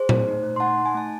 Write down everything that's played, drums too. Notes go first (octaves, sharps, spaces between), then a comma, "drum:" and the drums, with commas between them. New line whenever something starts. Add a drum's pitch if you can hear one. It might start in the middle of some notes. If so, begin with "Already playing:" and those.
Already playing: G#4 C5
A3, drum: tom A#2
D#4
A3
C6
D#4 F#5 A5
D#4
G#5
A3 A5